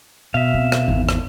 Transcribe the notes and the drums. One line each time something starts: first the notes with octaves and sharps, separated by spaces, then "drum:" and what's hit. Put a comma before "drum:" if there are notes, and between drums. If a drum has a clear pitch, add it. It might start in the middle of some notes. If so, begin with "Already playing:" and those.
B2 E5 F5
C4
drum: rim click
G#1 E2
drum: rim click